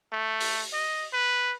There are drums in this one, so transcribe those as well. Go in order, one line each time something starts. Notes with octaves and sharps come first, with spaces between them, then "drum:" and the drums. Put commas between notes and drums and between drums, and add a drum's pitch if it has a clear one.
A3
drum: open hi-hat
D#5
B4